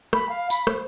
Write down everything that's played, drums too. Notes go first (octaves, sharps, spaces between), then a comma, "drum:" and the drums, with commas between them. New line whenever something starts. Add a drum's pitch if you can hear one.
B5, drum: rim click
F5
B5, drum: tambourine
C5, drum: rim click